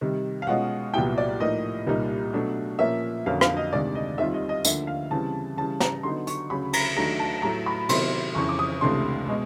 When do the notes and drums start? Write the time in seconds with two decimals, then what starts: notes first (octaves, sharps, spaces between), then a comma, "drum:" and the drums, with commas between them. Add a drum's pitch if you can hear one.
0.01 C3 D#3 G3
0.42 F5
0.47 B2 G#3 C#4 F4 F#5
0.94 C2 A#2 F#3 B3 E4 G5
1.18 D5
1.40 A2 F3 A#3 D#4 D#5
1.87 C2 A#2 G3 A#3 D#4
2.33 B2 F#3 A3 D4
2.79 A#2 F3 A#3 C#4 E5
3.26 F2 D3 F#3 A#3 C#4 F5
3.41 F5, drum: rim click
3.57 D#5
3.72 D2 C3 D#3 G#3 D5
3.95 D#5
4.18 D#2 D#3 G3 C4 F4 E5
4.34 D#5
4.49 D#5
4.65 D2 D3 F3 A#3 E5, drum: tambourine
4.87 F5
5.11 C#3 E3 G3 C4 A5
5.57 C#3 E3 G3 A5
5.80 A#5, drum: snare
6.03 D3 F#3 B3 D#4 C6
6.27 C#6, drum: hi-hat
6.50 D2 C#3 F#3 B5
6.73 A#5, drum: cymbal
6.96 D#2 D#3 F#3 A3 D4 A#5
7.19 A5
7.42 A2 F#3 A3 A#5
7.66 B5
7.89 C3 D#3 F#3 B3 E4 C6, drum: cymbal
8.35 F2 C#3 E3 C#6
8.49 D6
8.59 D#6
8.81 C#2 C3 E3 A3 D4 C6
9.28 B2 G#3